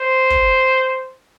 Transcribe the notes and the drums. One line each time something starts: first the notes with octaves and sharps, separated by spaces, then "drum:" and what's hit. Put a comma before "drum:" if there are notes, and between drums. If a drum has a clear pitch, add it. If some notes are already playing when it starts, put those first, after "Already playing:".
Already playing: C5
drum: kick